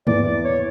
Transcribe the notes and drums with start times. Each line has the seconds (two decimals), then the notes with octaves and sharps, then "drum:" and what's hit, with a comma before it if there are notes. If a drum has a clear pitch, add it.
0.07 E2 E3 D5, drum: tom G2
0.26 D5
0.45 C#5